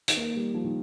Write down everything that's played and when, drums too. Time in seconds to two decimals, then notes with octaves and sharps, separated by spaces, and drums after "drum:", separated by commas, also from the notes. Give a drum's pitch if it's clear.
0.08 D#3, drum: hi-hat
0.17 A#3
0.36 G3
0.54 F3
0.64 D#3